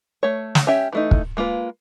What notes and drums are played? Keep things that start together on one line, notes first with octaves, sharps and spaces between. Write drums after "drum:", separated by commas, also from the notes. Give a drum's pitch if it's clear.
A3 C#5
drum: snare
C#4 G4 E5 G5
E3 A3 D#4
drum: kick
G#3 A#3 F4 B4